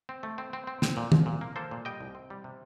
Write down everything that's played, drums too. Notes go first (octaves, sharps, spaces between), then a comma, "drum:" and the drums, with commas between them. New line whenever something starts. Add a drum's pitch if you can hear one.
C4
A3
C4
C4
C4
C4, drum: snare
A#2
C2, drum: tom
A#2
A#3
A#3 A4 C5
A#2
G3 D#5 G5
C2
C4
G3
C3